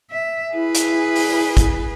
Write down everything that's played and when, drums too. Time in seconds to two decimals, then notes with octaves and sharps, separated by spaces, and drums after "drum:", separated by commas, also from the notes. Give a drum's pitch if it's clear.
0.11 E5
0.54 E4 G#4 B4
0.75 drum: hi-hat
1.16 drum: open hi-hat
1.57 drum: kick, hi-hat